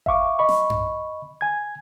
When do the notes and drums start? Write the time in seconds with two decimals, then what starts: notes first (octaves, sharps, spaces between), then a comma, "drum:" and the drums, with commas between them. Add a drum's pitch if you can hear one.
0.06 E5 F5 C#6 D6, drum: kick G#1
0.39 D#5 B5 C#6
0.49 drum: snare
0.70 drum: tom F#2
1.41 G#5 G#6